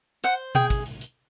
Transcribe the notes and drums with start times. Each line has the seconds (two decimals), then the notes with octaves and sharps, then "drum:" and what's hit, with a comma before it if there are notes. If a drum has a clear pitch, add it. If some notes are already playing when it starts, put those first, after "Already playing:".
0.24 C5 F#5, drum: hi-hat
0.55 G#4 G5, drum: tom B2
0.70 drum: kick, hi-hat
0.86 drum: hi-hat
1.01 drum: hi-hat